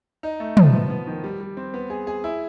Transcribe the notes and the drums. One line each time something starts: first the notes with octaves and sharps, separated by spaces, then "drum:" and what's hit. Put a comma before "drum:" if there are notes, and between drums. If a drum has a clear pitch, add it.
D#4
A3
F3, drum: tom
B3
B3
D#3
G3
G3
C4
B3
G#4
G#4
E4